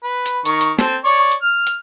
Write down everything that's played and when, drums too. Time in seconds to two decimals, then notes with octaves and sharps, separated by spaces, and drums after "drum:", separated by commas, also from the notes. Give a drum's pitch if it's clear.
0.04 B4
0.26 drum: hi-hat
0.45 D#3 C#6, drum: hi-hat
0.61 drum: hi-hat
0.79 C4 A4, drum: snare
1.05 C#5 D5 C#6
1.31 drum: hi-hat
1.42 F6
1.67 drum: hi-hat